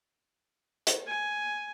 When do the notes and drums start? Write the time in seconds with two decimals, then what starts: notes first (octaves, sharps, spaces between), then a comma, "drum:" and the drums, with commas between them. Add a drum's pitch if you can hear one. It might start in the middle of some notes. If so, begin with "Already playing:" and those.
0.87 drum: hi-hat
1.08 G#5